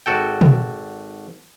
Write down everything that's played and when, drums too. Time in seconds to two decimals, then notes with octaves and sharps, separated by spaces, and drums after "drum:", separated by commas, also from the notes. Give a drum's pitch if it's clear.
0.06 G#1 F#4 A4 G5
0.41 drum: tom